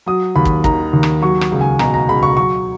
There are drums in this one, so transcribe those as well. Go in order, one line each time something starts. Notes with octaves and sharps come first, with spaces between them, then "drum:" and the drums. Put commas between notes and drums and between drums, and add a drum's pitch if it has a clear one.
F#3 D#6
D#2 B5
drum: kick
D#3 A#5, drum: kick
D#2
drum: rim click
F#3 C#6
drum: rim click
C#2
G#5
B2 A#5, drum: rim click
A#5
C#2 B5
C#6
F#3 C#6